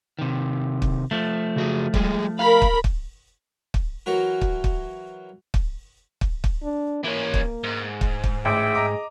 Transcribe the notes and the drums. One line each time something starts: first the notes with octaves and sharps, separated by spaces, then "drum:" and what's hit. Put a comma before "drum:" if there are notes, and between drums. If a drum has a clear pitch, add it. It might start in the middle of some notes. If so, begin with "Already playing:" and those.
C3 D#3
drum: kick
F3 A3
C#3 F#4 G#4
G3 G#3 G#4, drum: kick
A#4 F5 B5
drum: kick
drum: kick
drum: kick
E3 F#3 F#4 A#4
drum: kick
drum: kick
drum: kick
drum: kick
drum: kick
D4
E3 A#3 C#4
drum: kick
G#2
drum: kick
drum: kick
A1 G#4 E5 G5 D6
D#5 A#5 D6